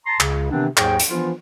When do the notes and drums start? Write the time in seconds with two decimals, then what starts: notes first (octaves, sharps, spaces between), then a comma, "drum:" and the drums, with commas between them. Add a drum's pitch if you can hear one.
0.06 A5 A#5 C6
0.20 C#2 C#3, drum: clap
0.51 C3 D#3 E3 B3 C4 D4
0.77 D#2 G#2 F#3 G#4 C#5 G5, drum: clap
0.99 drum: hi-hat
1.10 E3 F3 B3 D4 F4